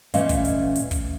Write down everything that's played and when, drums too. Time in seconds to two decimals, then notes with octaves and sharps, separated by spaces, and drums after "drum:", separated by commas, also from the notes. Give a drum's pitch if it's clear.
0.14 A#2 E3 A3 C#4 D#5 F5, drum: hi-hat
0.29 drum: kick, hi-hat
0.45 drum: hi-hat
0.76 drum: hi-hat
0.91 drum: kick, hi-hat